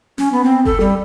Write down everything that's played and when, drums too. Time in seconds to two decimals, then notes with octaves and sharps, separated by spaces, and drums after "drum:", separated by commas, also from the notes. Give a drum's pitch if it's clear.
0.18 C#4, drum: snare
0.32 B3
0.44 C4
0.65 A4, drum: kick F#1
0.80 G3